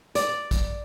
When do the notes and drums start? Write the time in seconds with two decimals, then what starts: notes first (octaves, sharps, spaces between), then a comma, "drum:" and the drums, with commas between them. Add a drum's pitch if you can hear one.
0.15 D5, drum: hi-hat
0.51 drum: kick, hi-hat